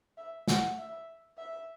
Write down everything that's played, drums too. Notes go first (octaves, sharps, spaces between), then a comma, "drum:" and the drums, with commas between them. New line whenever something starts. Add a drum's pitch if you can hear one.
E5
F#5, drum: snare
E5
E5